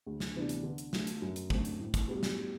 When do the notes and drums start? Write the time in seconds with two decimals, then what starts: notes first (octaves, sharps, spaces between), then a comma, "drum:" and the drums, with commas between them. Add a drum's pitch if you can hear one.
0.06 D2
0.20 drum: snare
0.35 C3 E3 B3 D4
0.49 drum: hi-hat
0.63 D3
0.78 drum: hi-hat
0.93 F#3 A3, drum: snare
1.07 drum: hi-hat
1.22 F#2
1.36 drum: hi-hat
1.50 D3 A3 C4 F#4, drum: kick
1.65 drum: hi-hat
1.79 A2
1.94 drum: kick, hi-hat
2.08 G3 B3 F#4
2.23 drum: snare